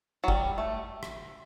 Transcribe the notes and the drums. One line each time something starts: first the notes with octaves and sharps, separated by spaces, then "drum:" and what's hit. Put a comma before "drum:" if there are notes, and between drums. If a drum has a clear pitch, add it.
F#3
G3, drum: kick
A3
drum: rim click